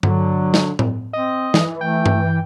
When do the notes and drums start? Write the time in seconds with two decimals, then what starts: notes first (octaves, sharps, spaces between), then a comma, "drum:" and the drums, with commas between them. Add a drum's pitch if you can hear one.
0.03 D3 F#3, drum: tom G2
0.54 drum: snare
0.79 drum: tom A2
1.13 C4 D#5
1.54 E3, drum: snare
1.81 A3 G5
2.06 drum: tom G2